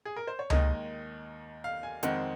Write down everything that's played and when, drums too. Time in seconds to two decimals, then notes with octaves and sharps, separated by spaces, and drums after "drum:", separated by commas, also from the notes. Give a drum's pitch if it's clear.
0.05 G#4
0.16 A#4
0.27 C5
0.39 C#5
0.50 D#2 D#3 G#3 D#5, drum: tom C#2
1.64 F5
1.83 G#5
2.03 F2 D#3 G#3 C4 F#5, drum: hi-hat